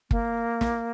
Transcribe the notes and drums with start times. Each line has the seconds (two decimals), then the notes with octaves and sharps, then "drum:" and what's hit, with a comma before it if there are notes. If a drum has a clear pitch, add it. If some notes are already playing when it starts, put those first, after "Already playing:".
0.11 A#3, drum: kick
0.61 drum: snare